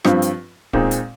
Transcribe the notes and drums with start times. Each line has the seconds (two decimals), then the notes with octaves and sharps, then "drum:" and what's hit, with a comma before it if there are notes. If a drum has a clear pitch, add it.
0.04 G2 F3 C4, drum: rim click
0.22 drum: hi-hat
0.73 A#2 G#3 C4 D#4, drum: kick D1
0.91 drum: hi-hat